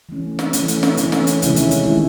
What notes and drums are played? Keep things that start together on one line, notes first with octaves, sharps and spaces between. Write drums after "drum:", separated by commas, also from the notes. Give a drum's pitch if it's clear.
E3 A3 C#4
drum: snare
E3 A3 C#4, drum: hi-hat
drum: hi-hat
drum: snare
E3 A3 C#4, drum: hi-hat
drum: snare
drum: hi-hat
C3 D#3 G#3 C#4 E4, drum: hi-hat
drum: hi-hat
drum: hi-hat
C3 D#3 G#3 C#4 E4